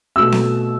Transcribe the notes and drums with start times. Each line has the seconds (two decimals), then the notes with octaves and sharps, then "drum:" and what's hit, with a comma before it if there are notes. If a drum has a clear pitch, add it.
0.16 B2 A3 E6
0.32 drum: snare C4